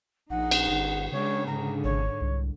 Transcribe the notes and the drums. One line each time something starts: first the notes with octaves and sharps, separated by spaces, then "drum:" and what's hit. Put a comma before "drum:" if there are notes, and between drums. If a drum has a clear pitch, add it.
A#1 D#4 G#4 F#5
drum: cymbal
G1
C#3 G#3 D4 C#5
G#2 D3 A#5
G#1 C#5
C2